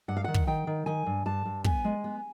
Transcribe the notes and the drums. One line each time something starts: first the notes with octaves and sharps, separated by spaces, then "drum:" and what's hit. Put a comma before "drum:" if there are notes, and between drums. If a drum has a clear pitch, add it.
G2 F#5
F5
D#3 F#5
drum: kick
D#3 G5
D#3
D#3 G#5
G2
G2 A5
G2
B3 G#5, drum: kick
G#3
B3